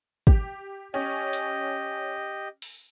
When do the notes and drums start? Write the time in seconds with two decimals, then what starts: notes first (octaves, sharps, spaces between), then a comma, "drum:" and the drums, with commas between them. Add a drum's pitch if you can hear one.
0.27 G4, drum: kick
0.94 C#4 G4 D#5
1.33 drum: hi-hat
2.62 drum: open hi-hat